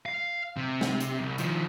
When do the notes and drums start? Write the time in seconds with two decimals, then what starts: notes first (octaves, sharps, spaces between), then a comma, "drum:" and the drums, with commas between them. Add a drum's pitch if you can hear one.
0.06 F5
0.57 C3
0.81 drum: snare
1.00 drum: hi-hat
1.20 C2
1.38 D#3 F3, drum: hi-hat